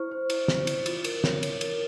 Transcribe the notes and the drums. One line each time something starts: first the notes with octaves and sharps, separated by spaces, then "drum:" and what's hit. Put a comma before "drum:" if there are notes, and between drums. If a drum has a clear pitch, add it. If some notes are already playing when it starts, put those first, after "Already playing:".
Already playing: E4 C5 C#6 F6
C5
E4, drum: cymbal
C5, drum: snare
E4, drum: cymbal
F4, drum: cymbal
A#4, drum: cymbal
C#5, drum: snare
C#5, drum: cymbal
A#4, drum: cymbal